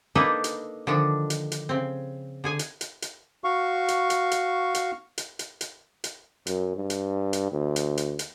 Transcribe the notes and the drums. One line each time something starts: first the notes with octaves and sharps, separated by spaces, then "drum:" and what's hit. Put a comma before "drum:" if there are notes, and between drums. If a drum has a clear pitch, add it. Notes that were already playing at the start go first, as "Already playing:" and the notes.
A#3 D4 D#4 A4 B4 G5
drum: hi-hat
D3 D#3 F3 D4
drum: hi-hat
drum: hi-hat
C#3 C4
D3 G#4 G#5
drum: hi-hat
drum: hi-hat
drum: hi-hat
F#4 F5 C#6
drum: hi-hat
drum: hi-hat
drum: hi-hat
drum: hi-hat
drum: hi-hat
drum: hi-hat
drum: hi-hat
drum: hi-hat
F#2, drum: hi-hat
G2
drum: hi-hat
drum: hi-hat
D2
drum: hi-hat
drum: hi-hat
drum: hi-hat